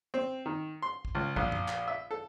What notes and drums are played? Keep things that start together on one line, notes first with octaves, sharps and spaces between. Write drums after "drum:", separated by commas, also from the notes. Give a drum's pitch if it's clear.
C4
D#3
C6
drum: kick
C#2
A#1, drum: kick
drum: tom
drum: clap
E5
A4